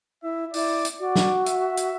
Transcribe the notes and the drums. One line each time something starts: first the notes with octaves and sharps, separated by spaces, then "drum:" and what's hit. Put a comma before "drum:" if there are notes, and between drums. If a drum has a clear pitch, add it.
E4 E5
E4 D5, drum: open hi-hat
drum: hi-hat
F#4 D5
drum: snare
E5, drum: hi-hat
drum: hi-hat